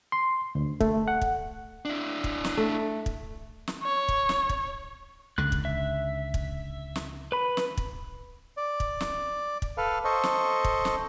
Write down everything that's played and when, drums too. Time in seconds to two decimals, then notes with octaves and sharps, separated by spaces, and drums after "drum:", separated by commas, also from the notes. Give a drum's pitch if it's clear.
0.12 C6
0.55 D2
0.81 A3, drum: kick
1.08 F#5
1.22 drum: kick
1.85 D4 E4
2.24 drum: kick
2.45 drum: snare
2.57 A3
3.06 drum: kick
3.68 drum: snare
3.83 C#5
4.09 drum: kick
4.29 drum: snare
4.50 drum: kick
5.38 C#2 D3 F#6
5.52 drum: kick
5.65 E5
6.34 drum: kick
6.96 drum: snare
7.32 B4 B5
7.57 drum: snare
7.78 drum: kick
8.57 D5
8.80 drum: kick
9.00 drum: snare
9.62 drum: kick
9.77 A4 B4 F5
10.05 A4 C5 D#5 C#6
10.23 drum: snare
10.64 drum: kick
10.85 drum: snare